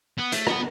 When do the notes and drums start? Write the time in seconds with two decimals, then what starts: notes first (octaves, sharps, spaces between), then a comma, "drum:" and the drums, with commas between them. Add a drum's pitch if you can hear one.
0.18 B3
0.32 A3, drum: hi-hat
0.47 B3, drum: rim click